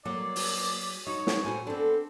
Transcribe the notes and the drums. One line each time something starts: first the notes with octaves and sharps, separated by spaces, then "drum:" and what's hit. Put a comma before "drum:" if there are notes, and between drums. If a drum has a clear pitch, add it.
F#3 A#3 D5
drum: open hi-hat
D#4 F#4 C#5
drum: snare
A2 C4 F#4 G#5
B3 C4 D4 A4